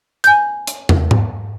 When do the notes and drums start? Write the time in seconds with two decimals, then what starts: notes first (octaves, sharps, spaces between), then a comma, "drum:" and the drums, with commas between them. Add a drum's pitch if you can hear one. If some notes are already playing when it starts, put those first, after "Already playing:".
0.24 G#5 G6, drum: hi-hat
0.67 drum: hi-hat
0.89 drum: tom
1.11 drum: tom G#2